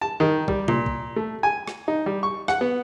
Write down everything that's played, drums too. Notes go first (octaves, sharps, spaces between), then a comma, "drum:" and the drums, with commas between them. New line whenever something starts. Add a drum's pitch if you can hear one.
A5
D#3
G3, drum: kick
A#2, drum: tom C3
drum: kick
A3
G#5
drum: rim click
D#4
G3
C#6
F#5, drum: rim click
B3